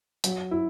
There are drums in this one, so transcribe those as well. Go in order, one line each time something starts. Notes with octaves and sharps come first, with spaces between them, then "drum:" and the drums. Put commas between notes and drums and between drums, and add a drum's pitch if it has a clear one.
F#3, drum: hi-hat
E4